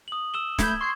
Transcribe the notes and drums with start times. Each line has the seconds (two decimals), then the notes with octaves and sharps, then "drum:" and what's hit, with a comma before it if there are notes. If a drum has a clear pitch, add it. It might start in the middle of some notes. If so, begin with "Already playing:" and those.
0.08 D#6 F#7
0.34 E6 E7 G7
0.59 A3 B5 G6 G#6, drum: snare
0.81 C6 C#6 G#6 C7